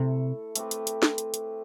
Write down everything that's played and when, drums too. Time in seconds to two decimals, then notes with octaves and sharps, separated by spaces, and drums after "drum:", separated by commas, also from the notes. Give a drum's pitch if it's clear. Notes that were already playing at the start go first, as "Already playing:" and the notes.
Already playing: C3 A3 E4 A4 E5
0.56 A3 C4 G4 B4, drum: hi-hat
0.71 drum: hi-hat
0.87 drum: hi-hat
1.02 drum: snare
1.18 drum: hi-hat
1.34 drum: hi-hat